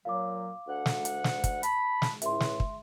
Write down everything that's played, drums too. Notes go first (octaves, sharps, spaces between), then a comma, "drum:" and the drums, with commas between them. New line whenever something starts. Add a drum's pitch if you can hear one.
A#2 F#3 F5 D6
D2 F#5
drum: snare
drum: hi-hat
drum: snare
drum: kick, hi-hat
A5 B5, drum: hi-hat
drum: snare
C#2 A2 E5 C6, drum: hi-hat
drum: snare
drum: kick